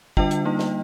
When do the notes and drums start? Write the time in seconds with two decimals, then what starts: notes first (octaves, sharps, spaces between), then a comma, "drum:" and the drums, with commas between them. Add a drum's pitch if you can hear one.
0.17 D3 G3 D4 F4 D#5 G5, drum: kick
0.31 drum: hi-hat
0.45 G3 A#3 D#4
0.59 drum: snare